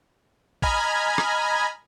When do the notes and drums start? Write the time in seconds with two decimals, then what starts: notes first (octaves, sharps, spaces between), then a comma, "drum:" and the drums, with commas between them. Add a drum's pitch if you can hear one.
0.62 D#5 G#5 A#5 B5 F6 G#6, drum: kick
1.18 drum: rim click